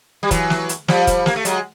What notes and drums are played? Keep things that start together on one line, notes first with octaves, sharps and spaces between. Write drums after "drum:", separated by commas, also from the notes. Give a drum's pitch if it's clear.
G3
E3 F#3, drum: kick, hi-hat
drum: snare
drum: hi-hat
F3 G3, drum: snare
drum: kick, hi-hat
A#3, drum: snare
A3
F#3 G#3, drum: hi-hat